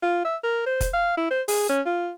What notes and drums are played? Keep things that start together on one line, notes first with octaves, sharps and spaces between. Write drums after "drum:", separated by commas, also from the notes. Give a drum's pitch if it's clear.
F4
E5
A#4
C5
drum: kick F1, hi-hat
F5
E4
C5
G#4, drum: open hi-hat
C#4
F4